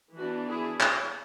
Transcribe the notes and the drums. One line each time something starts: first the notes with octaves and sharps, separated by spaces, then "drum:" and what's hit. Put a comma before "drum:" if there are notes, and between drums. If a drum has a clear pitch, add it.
E3 B3 D4 F#4
E4 G#4
drum: clap